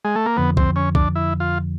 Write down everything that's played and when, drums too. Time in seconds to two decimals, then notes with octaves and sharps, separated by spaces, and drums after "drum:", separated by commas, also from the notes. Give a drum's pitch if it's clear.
0.04 G#3
0.15 A3
0.26 A#3
0.37 F2 D3 F3 B3
0.57 C4, drum: kick B1
0.76 C#4
0.95 D4, drum: kick B1
1.15 E4
1.40 F4